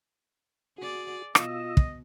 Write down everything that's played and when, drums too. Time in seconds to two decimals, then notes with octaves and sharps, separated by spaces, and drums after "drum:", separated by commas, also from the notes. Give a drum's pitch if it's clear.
0.78 F#4 G#4 D5
1.35 B2 F4 D#5 E6, drum: rim click
1.77 drum: kick